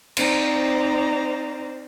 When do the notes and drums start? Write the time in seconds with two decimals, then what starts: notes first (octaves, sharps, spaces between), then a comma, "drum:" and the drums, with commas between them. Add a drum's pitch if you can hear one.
0.17 C4 D#4 C5 D5 A#5, drum: cymbal